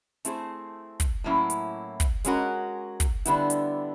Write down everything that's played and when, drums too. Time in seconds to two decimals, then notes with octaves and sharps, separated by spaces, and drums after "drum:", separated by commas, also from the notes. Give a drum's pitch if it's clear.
0.25 A3 C4 E4 G#4 C5, drum: hi-hat
1.00 drum: kick, hi-hat
1.24 A2 F#3 A#3 C#4 E4
1.50 drum: hi-hat
2.00 drum: kick, hi-hat
2.25 G#3 C#4 F#4 A#4, drum: hi-hat
3.00 drum: kick, hi-hat
3.25 D3 G3 B3 E4, drum: hi-hat
3.50 drum: hi-hat